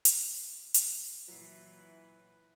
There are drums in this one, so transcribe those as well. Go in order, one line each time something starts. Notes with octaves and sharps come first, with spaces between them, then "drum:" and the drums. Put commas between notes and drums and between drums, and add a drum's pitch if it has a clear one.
drum: hi-hat
drum: hi-hat
A#2 E3 F#3 E4 B4 C7